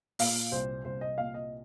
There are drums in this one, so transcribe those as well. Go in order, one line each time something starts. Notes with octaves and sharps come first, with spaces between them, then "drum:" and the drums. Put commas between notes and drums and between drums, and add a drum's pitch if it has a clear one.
A#2 F5, drum: open hi-hat
C2 C5
C2 C5
D#5
A#2 F5
D#5